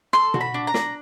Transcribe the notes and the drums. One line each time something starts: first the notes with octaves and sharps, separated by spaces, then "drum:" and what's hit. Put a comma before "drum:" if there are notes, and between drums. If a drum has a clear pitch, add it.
A4 C6, drum: rim click
F#4, drum: tom B2
B5
D4
A#5
D4, drum: snare